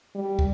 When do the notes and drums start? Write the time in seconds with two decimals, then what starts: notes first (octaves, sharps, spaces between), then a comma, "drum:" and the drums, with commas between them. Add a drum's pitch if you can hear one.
0.15 G3
0.39 drum: kick